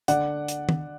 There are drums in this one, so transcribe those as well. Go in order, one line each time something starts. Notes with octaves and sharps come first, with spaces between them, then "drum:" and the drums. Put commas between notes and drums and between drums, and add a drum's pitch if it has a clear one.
D3 D5 F#5, drum: hi-hat
drum: hi-hat
drum: tom D#3